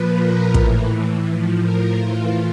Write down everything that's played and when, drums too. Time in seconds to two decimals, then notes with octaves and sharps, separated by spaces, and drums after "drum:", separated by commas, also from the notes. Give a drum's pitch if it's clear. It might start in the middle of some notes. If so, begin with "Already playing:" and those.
Already playing: A#2 F3 B4
0.18 A#4
0.54 A2 E3, drum: kick
1.26 A2 F3
1.63 A#4
1.99 A2 E3 F4